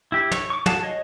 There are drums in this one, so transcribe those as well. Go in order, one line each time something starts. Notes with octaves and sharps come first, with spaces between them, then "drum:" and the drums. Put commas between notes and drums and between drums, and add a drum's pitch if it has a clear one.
E4 G4
C#5, drum: tom
C#6 D6
F#4 G#4 F5 F#5 A5, drum: tom
C#5 D#5